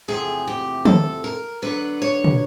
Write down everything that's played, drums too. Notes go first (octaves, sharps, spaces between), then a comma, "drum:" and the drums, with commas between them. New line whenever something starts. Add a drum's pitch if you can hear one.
E2 C3 F3 A3 G#4
G4
A4, drum: tom
A#4
D3 F#3 B3 B4
C#5
drum: tom